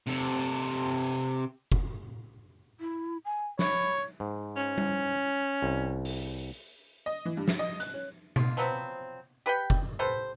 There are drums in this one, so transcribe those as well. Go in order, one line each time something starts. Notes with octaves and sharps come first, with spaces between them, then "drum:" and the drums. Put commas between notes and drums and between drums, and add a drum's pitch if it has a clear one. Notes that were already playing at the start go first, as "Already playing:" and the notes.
C3 A4
drum: kick F1
E4
G#5
C#5 B5, drum: snare
G#2
C#4
drum: tom G3
C2
drum: open hi-hat
D#5
E3
G2
drum: snare
D#5
F#6, drum: hi-hat
C#4
F4, drum: tom B2
F3 F#3 B3 C4
G4 B4 F#5 G5
drum: kick F1
G4 A4 B4 C5